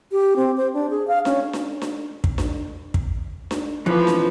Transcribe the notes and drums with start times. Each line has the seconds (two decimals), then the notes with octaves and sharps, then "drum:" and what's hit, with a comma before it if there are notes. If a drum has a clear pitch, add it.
0.12 G4
0.36 C4
0.57 C5
0.74 D4
0.90 G#4
1.08 F5
1.25 C#4, drum: snare D4
1.53 drum: snare D4
1.82 drum: snare D4
2.24 drum: kick
2.38 drum: snare D4
2.94 drum: kick
3.51 drum: snare D4
3.86 F2 E3 F3 B4
4.07 drum: snare D4